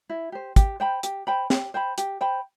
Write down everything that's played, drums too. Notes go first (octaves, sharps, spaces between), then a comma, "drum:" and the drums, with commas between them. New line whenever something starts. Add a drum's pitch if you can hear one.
E4
G4 C5
G4, drum: kick, hi-hat
C5 G5 B5
G4, drum: hi-hat
C5 G5 B5
G4, drum: snare
C5 G5 B5
G4, drum: hi-hat
C5 G5 B5